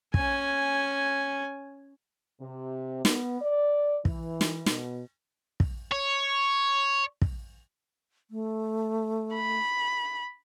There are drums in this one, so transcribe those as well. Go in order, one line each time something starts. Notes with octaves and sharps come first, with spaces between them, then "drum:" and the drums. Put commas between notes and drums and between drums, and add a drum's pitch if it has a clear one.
C#4 G#5, drum: kick
C3
B3, drum: snare
D5
E3, drum: kick
drum: snare
B2, drum: snare
drum: kick
C#5
drum: kick
A3
B5